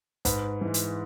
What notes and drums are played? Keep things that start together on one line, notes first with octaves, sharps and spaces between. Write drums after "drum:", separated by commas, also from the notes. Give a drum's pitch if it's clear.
G#2 B4, drum: kick, hi-hat
E3 G#3
drum: hi-hat